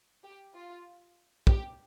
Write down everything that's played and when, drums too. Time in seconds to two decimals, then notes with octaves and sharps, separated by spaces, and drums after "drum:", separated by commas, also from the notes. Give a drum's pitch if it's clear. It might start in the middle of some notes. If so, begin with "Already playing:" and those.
0.24 G4
0.54 F4
1.47 G4, drum: kick